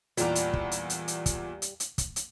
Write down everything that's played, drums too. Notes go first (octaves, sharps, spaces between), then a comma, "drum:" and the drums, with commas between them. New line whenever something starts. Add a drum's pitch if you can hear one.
E2 A#2 G3 D5 A#5, drum: hi-hat
drum: hi-hat
drum: kick
drum: hi-hat
drum: hi-hat
drum: hi-hat
drum: kick, hi-hat
drum: hi-hat
drum: hi-hat
drum: kick, hi-hat
drum: hi-hat